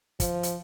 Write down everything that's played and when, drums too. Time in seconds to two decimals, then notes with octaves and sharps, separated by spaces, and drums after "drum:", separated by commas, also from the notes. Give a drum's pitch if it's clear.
0.20 F3, drum: kick, hi-hat
0.43 drum: hi-hat